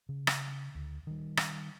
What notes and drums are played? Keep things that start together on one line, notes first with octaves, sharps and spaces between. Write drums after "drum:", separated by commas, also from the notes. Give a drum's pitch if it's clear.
C#3
drum: rim click
D2
D#3 G3
drum: rim click